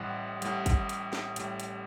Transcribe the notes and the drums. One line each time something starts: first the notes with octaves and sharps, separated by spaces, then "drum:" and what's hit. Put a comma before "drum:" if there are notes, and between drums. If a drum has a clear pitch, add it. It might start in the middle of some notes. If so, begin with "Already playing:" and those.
Already playing: A1 A2 G3 F#5
A1 A2 G3, drum: hi-hat
drum: kick, hi-hat
drum: hi-hat
drum: snare
A1 A2 G3, drum: hi-hat
drum: hi-hat